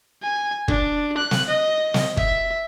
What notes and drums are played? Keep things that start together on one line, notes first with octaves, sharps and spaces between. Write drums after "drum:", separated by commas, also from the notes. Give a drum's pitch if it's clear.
G#5
D4, drum: kick
F#6
drum: snare
D#5
drum: snare
E5, drum: kick